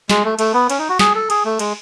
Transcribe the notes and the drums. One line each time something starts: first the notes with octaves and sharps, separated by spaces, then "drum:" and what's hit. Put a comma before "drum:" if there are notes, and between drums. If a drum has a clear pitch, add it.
G#3, drum: snare
A3
A3, drum: cymbal
B3
C#4, drum: cymbal
D#4
F#4
G#4, drum: snare
A4
G#4, drum: cymbal
A3
G#3, drum: cymbal